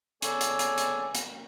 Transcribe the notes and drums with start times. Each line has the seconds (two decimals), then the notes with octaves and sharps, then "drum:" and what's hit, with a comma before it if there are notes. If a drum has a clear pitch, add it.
0.22 C#3 B3 A4 C#5 D5 G#5, drum: hi-hat
0.41 drum: hi-hat
0.59 drum: hi-hat
0.78 drum: hi-hat
1.15 drum: hi-hat